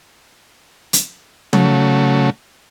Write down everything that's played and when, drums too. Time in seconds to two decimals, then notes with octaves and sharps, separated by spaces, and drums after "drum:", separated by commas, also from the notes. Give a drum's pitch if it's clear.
0.93 drum: hi-hat
1.53 C#3 F#3 A3, drum: tom